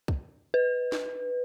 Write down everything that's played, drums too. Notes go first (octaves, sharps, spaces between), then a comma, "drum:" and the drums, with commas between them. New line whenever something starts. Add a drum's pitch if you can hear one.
drum: kick
B4
drum: snare